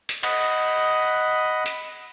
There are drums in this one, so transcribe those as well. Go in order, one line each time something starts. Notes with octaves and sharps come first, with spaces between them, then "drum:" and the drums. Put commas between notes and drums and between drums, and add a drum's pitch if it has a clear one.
drum: hi-hat
D#5 F#5 B5, drum: cymbal
drum: hi-hat